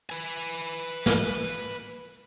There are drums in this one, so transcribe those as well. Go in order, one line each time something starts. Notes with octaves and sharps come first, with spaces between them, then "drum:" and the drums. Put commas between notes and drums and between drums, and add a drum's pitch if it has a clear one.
B4 G#5
drum: snare